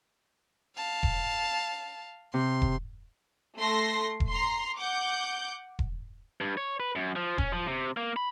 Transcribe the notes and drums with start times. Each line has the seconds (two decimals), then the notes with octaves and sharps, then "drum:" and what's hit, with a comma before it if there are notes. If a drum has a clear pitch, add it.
0.77 F5 A5
1.03 drum: kick E1
2.34 C3 C6
2.62 drum: kick E1
3.57 A3 C6 A#6
4.20 drum: kick E1
4.29 A#5 C6
4.77 F#5 D6 G6
5.79 drum: kick E1
6.41 G2
6.57 C#5
6.80 B4
6.95 F#2
7.16 F3
7.38 C#4, drum: kick E1
7.52 F3
7.67 C3
7.97 A#3
8.16 B5